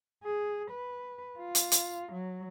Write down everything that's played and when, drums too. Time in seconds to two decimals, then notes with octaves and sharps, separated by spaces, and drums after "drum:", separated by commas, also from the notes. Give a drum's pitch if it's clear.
0.24 G#4
0.71 B4
1.39 F4
1.55 drum: hi-hat
1.72 drum: hi-hat
2.13 F#3